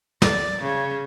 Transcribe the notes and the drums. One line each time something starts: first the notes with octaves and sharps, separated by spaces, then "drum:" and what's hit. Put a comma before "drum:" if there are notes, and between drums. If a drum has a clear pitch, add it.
D5, drum: snare
C#3